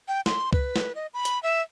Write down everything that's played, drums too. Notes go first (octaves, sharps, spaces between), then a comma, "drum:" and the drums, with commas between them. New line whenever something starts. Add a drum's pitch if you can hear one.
G5
C6, drum: snare
B4, drum: kick C#2
drum: snare
D#5
B5
drum: hi-hat
E5